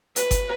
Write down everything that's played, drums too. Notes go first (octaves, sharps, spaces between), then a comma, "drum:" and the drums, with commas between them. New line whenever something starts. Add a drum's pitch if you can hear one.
B4, drum: hi-hat
drum: kick G1, hi-hat